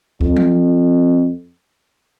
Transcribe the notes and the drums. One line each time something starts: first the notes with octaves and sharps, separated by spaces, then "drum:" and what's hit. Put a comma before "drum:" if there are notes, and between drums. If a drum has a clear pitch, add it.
F2, drum: kick
drum: tom F3